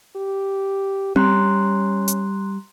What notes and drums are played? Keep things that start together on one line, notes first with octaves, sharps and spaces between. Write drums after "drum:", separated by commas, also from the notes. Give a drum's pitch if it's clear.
G4
G3 C#4 A#5 C6 F#6, drum: tom C4
drum: hi-hat